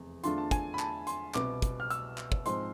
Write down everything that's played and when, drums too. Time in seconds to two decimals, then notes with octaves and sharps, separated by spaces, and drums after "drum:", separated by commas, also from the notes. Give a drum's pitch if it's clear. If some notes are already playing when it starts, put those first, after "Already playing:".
Already playing: F1 E2
0.24 E2 D3 A3 D4 F4 C6, drum: hi-hat
0.38 A5
0.51 G#5, drum: kick, hi-hat
0.74 B5
0.79 A5, drum: clap
1.07 C6, drum: hi-hat
1.34 C2 B2 B3 D6, drum: clap
1.62 drum: kick, hi-hat
1.80 F6
1.90 E6, drum: hi-hat
2.18 drum: clap
2.32 drum: kick
2.46 G#2 F3 G#3 C4 C6, drum: hi-hat